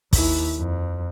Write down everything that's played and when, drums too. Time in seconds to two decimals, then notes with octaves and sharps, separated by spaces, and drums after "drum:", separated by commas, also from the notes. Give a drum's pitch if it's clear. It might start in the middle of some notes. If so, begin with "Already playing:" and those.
0.13 D#2 E4, drum: kick, open hi-hat
0.59 F2